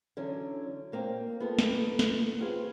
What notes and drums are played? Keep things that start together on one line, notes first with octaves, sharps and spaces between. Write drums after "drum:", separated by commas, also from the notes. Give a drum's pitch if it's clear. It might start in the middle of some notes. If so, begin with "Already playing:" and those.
D3 E3 F#3 C#4
A#2 A#3 C4
B3 F4 A4 A#4
drum: snare
drum: snare
C4 F4 F#4 G#4 B4